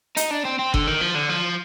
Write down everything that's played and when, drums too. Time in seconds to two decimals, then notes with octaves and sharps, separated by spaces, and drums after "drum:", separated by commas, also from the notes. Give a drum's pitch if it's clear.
0.17 D#4, drum: hi-hat
0.31 D4
0.45 C4
0.59 C4
0.74 D3, drum: kick G1
0.87 D#3
1.01 F3
1.15 D3
1.29 F3